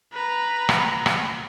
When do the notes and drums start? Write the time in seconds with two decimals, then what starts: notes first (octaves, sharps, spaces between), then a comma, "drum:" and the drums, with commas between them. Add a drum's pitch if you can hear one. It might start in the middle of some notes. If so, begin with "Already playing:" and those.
0.13 B4 A#5
0.69 drum: rim click
1.06 drum: rim click